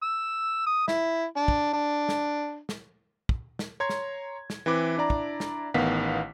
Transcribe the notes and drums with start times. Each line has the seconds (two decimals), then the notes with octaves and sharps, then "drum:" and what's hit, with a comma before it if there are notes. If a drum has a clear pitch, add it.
0.03 E6
0.67 D#6
0.88 E4, drum: snare
1.37 D4
1.48 drum: kick
1.73 D4
2.09 drum: snare
2.69 drum: snare
3.29 drum: kick
3.59 drum: snare
3.80 C#5 A#5 C6 G#6
3.89 drum: snare
4.50 drum: snare
4.66 E3 C4 E4 B4 D6
4.97 D4 E4 D5 A#5
5.10 drum: kick
5.40 drum: snare
5.74 A1 D#3 B3 F5 F#5 B6